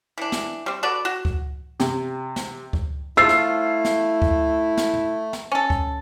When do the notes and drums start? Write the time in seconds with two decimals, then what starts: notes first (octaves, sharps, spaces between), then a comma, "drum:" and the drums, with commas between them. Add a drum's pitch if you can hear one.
0.18 E3 D4
0.32 drum: snare
0.66 G3 C4
0.83 F#4 A4 B4 D5
1.05 F#4
1.25 drum: kick C#2
1.80 C3, drum: snare
2.36 drum: snare
2.73 drum: kick C#2
3.17 F3 A3 E4 F4 E6 C7
3.29 drum: snare
3.85 drum: snare
4.22 drum: kick C#2
4.77 drum: snare
5.33 drum: snare
5.52 C#4 A4
5.70 drum: kick C#2